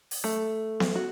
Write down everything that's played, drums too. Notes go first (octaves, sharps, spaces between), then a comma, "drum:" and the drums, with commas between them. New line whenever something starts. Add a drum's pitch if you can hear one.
drum: open hi-hat
A3
drum: snare B3
F#4